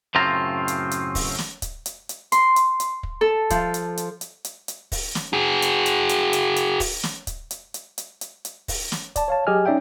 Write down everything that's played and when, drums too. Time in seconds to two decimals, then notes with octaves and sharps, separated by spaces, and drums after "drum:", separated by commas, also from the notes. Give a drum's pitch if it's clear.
0.15 F#2 A2 C#3 C4 F4 A#5
0.68 drum: hi-hat
0.91 drum: hi-hat
1.15 drum: kick, open hi-hat
1.39 drum: snare
1.62 drum: kick, hi-hat
1.86 drum: hi-hat
2.09 drum: hi-hat
2.32 C6, drum: hi-hat
2.56 drum: hi-hat
2.80 drum: hi-hat
3.03 drum: kick
3.21 A4
3.50 F3, drum: kick, hi-hat
3.74 drum: hi-hat
3.97 drum: hi-hat
4.21 drum: hi-hat
4.45 drum: hi-hat
4.68 drum: hi-hat
4.92 drum: kick, open hi-hat
5.15 drum: snare
5.33 F#4 G#4
5.62 drum: hi-hat
5.86 drum: hi-hat
6.09 drum: hi-hat
6.33 drum: hi-hat
6.56 drum: hi-hat
6.80 drum: kick, open hi-hat
7.03 drum: snare
7.27 drum: kick, hi-hat
7.51 drum: hi-hat
7.74 drum: hi-hat
7.98 drum: hi-hat
8.21 drum: hi-hat
8.45 drum: hi-hat
8.68 drum: kick, open hi-hat
8.92 drum: snare
9.16 D5 A5, drum: kick, hi-hat
9.28 C#5 F5 A5
9.47 F#3 G4 G#4 D#5 G#5 F6
9.66 C#4 D#4 D5 E5 G5